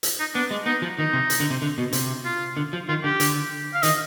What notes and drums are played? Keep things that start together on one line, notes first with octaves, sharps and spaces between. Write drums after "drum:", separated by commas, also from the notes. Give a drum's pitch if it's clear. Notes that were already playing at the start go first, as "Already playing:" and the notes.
drum: hi-hat
D#4
B3 D4
G#3
B3 D#4
F3
D#3 D#4
C3
drum: hi-hat
D3
C3
D3
B2
C3, drum: hi-hat
F4
D3
F3
D#3 F4
D3 G4
D3, drum: hi-hat
F5
D#3 D#5, drum: hi-hat